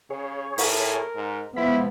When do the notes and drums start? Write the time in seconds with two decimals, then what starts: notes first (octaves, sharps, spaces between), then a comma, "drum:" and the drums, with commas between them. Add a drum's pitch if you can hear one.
0.10 C#3 G#4 C#5
0.58 A2 A#4, drum: open hi-hat
1.15 G#2
1.56 F3 G#3 B3 E4 B5